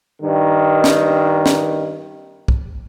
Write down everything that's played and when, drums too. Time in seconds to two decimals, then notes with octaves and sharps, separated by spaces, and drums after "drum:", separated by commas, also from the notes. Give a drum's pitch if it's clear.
0.22 G2 D#3
0.84 drum: snare
1.46 drum: snare
2.48 drum: kick